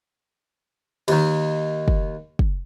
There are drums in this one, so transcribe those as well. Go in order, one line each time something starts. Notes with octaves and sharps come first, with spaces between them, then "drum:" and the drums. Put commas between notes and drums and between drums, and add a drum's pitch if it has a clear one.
D#2 D#3, drum: cymbal
drum: kick
drum: kick